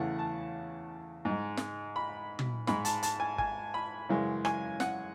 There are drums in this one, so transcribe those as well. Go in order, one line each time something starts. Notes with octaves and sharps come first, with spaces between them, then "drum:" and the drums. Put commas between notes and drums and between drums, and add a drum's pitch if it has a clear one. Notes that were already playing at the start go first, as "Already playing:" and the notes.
Already playing: E2 C#3 E3 A3 F#5
A5
G#2 G#3
drum: snare
B5
drum: tom
G#2 G#3 B5, drum: snare
A5, drum: hi-hat
A5, drum: hi-hat
G#5
G#5, drum: kick G#1
B5
F#2 C#3 E3 G#3
G#5, drum: rim click
F#5, drum: snare